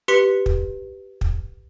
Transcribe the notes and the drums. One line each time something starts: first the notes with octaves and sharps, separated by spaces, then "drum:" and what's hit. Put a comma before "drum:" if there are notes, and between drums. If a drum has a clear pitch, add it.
G4 B4 C6 B6 C#7
drum: kick
drum: kick